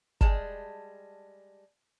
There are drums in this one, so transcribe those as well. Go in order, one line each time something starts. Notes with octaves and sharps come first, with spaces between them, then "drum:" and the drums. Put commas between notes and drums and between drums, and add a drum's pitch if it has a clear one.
G3 G#3 A5, drum: kick G1